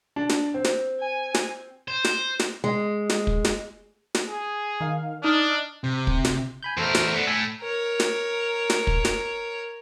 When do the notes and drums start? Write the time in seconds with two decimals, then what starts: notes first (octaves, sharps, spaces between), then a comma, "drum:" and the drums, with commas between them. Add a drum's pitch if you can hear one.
0.16 D4
0.29 drum: snare
0.54 C4
0.64 drum: snare
0.99 G#5
1.34 drum: snare
1.88 C5
2.04 drum: snare
2.40 drum: snare
2.64 G#3
3.10 drum: snare
3.27 drum: kick
3.45 drum: snare
4.15 drum: snare
4.29 G#4
4.80 D#3 F5
5.23 D4 D#4 D#6 F6
5.84 C3
6.07 drum: kick
6.25 drum: snare
6.63 G#5 B5 G6
6.77 E2 A3 A4 A#4 C5
6.95 drum: snare
7.14 B3 D4
7.27 A2 G#5 E6 B6
7.61 A#4 C#5
8.00 drum: snare
8.70 drum: snare
8.87 drum: kick
9.05 drum: snare